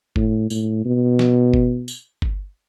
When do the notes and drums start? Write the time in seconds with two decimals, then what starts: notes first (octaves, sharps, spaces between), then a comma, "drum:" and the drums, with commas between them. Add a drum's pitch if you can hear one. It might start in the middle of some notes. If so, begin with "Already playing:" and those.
0.16 A2, drum: kick G1
0.50 A2, drum: tambourine
0.85 B2
1.19 drum: snare
1.54 drum: kick G1
1.88 drum: tambourine
2.22 drum: kick G1